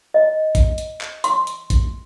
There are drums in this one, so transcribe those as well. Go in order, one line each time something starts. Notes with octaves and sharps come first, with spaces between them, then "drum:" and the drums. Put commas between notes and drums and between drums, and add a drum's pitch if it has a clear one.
D#5
drum: kick, hi-hat
drum: hi-hat
drum: clap
C6, drum: hi-hat
drum: hi-hat
drum: kick, hi-hat